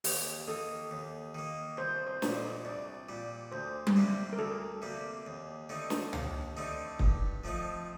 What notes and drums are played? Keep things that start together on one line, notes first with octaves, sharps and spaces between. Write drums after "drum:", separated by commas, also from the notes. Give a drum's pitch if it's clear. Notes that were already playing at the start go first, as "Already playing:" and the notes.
D#2 G4, drum: open hi-hat
D#3 A#3 A4
D#2
D#3 A#3
C2 C5
C5
A#2 G3, drum: snare
D#5
C2 D5
A#2 G3
D2 C5
drum: tom G3
C3 G3 A#3
A#4
D2 A4
C3 G3 A#3
D#2
D3 A3 C4 D#4
drum: snare
D#2, drum: tom
D3 A3 C4 D#4
G2, drum: kick
F3 A3 C4 D#4